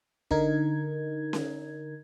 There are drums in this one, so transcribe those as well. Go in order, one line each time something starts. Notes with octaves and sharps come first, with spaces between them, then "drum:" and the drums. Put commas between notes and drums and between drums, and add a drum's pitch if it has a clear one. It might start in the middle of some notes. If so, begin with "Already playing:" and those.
D3 D#4 A#4 G#6, drum: kick
drum: snare C#4